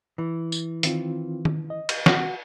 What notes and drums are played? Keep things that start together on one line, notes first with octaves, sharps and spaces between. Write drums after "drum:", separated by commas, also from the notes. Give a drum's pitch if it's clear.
E3
drum: tambourine
D#3 C4 F4, drum: hi-hat
drum: tom D#3
D#5
drum: cymbal
F#4, drum: snare